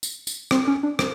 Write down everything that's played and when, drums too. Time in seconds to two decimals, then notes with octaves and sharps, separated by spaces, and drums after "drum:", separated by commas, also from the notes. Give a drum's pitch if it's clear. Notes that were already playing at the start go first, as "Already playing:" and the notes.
0.03 drum: tambourine
0.27 drum: tambourine
0.51 C4, drum: rim click
0.67 C#4
0.83 D4
0.99 C4, drum: rim click